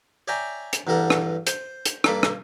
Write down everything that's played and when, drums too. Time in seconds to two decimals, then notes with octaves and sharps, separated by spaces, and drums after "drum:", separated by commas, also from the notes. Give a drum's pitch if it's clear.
0.28 C#5 D5 E5 G5 G#5 A#5
0.73 drum: hi-hat
0.87 E2 G2 G3 A4 A#4 F#5
1.10 drum: rim click
1.47 C5, drum: hi-hat
1.85 drum: hi-hat
2.04 G2 A#3 A4 B5, drum: rim click
2.23 drum: rim click